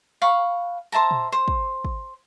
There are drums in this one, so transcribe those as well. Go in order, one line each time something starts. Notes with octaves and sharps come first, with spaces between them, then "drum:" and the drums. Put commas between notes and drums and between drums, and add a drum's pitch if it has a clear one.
F5 F#5 B5 C#6
C5 E5 A5 A#5
drum: tom A#2
C5
drum: kick
drum: kick